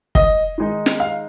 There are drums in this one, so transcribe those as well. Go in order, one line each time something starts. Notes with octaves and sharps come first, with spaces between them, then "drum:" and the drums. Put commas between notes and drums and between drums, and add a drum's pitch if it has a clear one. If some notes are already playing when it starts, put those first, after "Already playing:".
D#5, drum: kick
D#3 G#3 D#4
drum: snare
F5